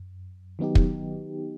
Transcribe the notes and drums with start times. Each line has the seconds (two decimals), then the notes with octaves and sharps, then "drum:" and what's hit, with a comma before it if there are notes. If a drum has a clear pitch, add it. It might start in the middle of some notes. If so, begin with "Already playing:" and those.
Already playing: F#2
0.59 D#3 F#3 B3 D#4 G4
0.75 drum: kick